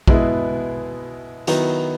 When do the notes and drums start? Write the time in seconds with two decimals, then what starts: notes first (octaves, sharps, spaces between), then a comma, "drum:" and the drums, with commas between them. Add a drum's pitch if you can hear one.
0.08 B2 G#3 B3 E4, drum: kick
1.47 D#3 F#3 B3 E4, drum: hi-hat